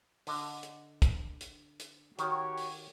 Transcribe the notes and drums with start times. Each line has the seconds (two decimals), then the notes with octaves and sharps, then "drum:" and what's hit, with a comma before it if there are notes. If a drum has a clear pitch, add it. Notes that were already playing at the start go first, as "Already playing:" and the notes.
0.27 D3 D#5, drum: open hi-hat
0.63 drum: hi-hat
1.02 drum: kick, hi-hat
1.41 drum: hi-hat
1.80 drum: hi-hat
2.19 D#3 F#4 G4 C#5, drum: hi-hat
2.58 drum: open hi-hat